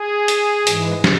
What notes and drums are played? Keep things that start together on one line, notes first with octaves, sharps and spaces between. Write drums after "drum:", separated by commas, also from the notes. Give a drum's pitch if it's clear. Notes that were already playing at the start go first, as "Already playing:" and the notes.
Already playing: G#4
drum: hi-hat
G#2 E3 G#3, drum: hi-hat
drum: snare